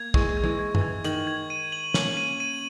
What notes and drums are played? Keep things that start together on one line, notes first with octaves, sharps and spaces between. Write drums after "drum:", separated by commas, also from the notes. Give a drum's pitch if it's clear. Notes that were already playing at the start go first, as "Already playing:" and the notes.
Already playing: A#3 G#6
E3 G#3 C#6, drum: kick
G#6
E3 G#3, drum: tom
G#6
E3, drum: tom F#2
G#6
D#3 F#7, drum: hi-hat
G#6
D#7
F#7
A#3 C#4 F#7, drum: snare
D#7
D#7